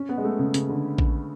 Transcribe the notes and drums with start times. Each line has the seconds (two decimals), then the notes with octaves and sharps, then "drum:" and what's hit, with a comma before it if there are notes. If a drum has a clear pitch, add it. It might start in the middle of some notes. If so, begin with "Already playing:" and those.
Already playing: C#4
0.09 B3
0.18 G#3
0.24 A3
0.39 C#3
0.54 C#3, drum: hi-hat
0.69 D3
0.98 drum: kick A#1